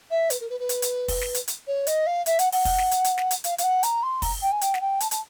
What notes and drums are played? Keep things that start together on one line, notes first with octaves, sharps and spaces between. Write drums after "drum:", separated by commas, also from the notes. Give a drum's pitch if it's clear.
E5
B4, drum: hi-hat
A#4
B4
B4
drum: hi-hat
drum: hi-hat
drum: kick, open hi-hat
drum: snare
drum: hi-hat
drum: hi-hat
C#5
D#5, drum: hi-hat
F5
E5, drum: hi-hat
F#5, drum: hi-hat
F#5, drum: open hi-hat
drum: kick, open hi-hat
drum: snare
drum: hi-hat
drum: hi-hat
drum: snare
drum: hi-hat
F5, drum: hi-hat
F5, drum: hi-hat
F#5
A#5, drum: hi-hat
C6
A#5, drum: kick, open hi-hat
G5
G#5
G5, drum: hi-hat
F#5, drum: snare
G5
A5, drum: hi-hat
A5, drum: hi-hat